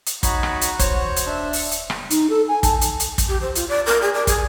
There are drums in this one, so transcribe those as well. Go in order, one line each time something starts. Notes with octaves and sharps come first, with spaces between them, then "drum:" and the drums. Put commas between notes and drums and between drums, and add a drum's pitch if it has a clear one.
drum: hi-hat
D#4 F#4 C#5 B5, drum: kick, hi-hat
drum: rim click
drum: hi-hat
D#1 C5 C#5, drum: kick, hi-hat
drum: hi-hat
D4 E5
drum: open hi-hat
drum: hi-hat
drum: rim click
D#4, drum: hi-hat
A4
G#5
A5, drum: kick, hi-hat
drum: hi-hat
drum: hi-hat
drum: kick, hi-hat
G4
C5
F4, drum: hi-hat
D5
A#4
G#4
D5
G#4, drum: kick, hi-hat